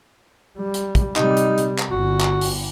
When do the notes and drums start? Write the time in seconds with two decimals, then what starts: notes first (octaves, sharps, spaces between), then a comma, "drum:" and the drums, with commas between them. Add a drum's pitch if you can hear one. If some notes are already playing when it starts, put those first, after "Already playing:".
0.58 G3
0.74 drum: hi-hat
0.95 drum: kick, hi-hat
1.16 C3 G3 D#4, drum: clap
1.37 drum: hi-hat
1.58 drum: hi-hat
1.79 drum: clap
1.91 G1 F#4
2.20 drum: clap
2.41 drum: open hi-hat